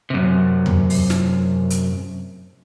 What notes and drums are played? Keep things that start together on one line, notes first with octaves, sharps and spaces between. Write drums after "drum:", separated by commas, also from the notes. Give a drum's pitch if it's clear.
F#2 C3
drum: tom E2
drum: open hi-hat
drum: snare
drum: hi-hat